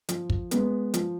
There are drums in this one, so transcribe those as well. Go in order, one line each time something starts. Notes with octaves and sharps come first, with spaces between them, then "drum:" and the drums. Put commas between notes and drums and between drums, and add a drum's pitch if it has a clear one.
F3, drum: hi-hat
drum: kick
G#3 B3, drum: hi-hat
F3, drum: hi-hat